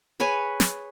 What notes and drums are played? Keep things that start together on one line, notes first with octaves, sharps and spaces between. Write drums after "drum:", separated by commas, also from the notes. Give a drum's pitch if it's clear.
G#4 B4 C#5 G#5
drum: snare